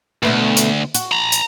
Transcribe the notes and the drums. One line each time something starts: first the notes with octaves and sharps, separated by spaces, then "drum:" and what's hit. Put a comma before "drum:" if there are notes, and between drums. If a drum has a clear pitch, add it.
D2 B2 A3 B3
drum: hi-hat
F#4, drum: hi-hat
A#5 B5
drum: hi-hat